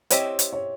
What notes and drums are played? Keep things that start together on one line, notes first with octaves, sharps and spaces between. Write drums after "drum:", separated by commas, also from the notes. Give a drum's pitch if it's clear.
C4 E4 G4 C5 C#5 D#5, drum: hi-hat
drum: hi-hat
C#5